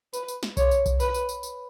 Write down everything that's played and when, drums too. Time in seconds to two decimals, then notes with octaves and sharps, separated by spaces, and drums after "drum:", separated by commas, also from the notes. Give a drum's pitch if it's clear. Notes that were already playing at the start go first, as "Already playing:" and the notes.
0.13 B4, drum: tambourine
0.28 drum: tambourine
0.43 drum: snare
0.57 C#5, drum: kick B1, tambourine
0.71 drum: tambourine
0.86 drum: kick B1, tambourine
1.00 B4, drum: tambourine
1.14 drum: tambourine
1.29 drum: tambourine
1.43 drum: tambourine